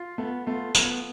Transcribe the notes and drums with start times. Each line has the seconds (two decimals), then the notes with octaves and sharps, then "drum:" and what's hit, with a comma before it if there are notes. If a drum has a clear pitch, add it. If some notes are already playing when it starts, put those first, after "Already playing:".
Already playing: F4
0.18 A3 B3
0.47 A3 F4
0.75 B3, drum: tambourine